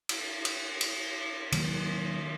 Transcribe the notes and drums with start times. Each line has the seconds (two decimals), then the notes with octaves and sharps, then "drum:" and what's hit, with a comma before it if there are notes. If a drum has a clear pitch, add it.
0.09 drum: cymbal
0.45 drum: cymbal
0.81 drum: cymbal
1.52 D#3 F#3 A#3, drum: cymbal